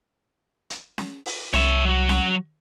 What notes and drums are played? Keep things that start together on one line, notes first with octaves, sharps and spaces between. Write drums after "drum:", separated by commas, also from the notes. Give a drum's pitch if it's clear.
drum: hi-hat
drum: snare C#4
drum: open hi-hat
C2 C#5 E5, drum: snare C#4
F#3 F#4
drum: snare C#4